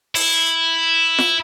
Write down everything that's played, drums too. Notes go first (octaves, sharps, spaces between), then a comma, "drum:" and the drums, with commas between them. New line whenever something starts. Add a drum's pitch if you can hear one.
E4, drum: open hi-hat
drum: snare F4